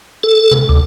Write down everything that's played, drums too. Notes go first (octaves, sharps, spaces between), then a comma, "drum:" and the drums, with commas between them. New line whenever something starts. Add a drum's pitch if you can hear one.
A4
drum: tom C3
D2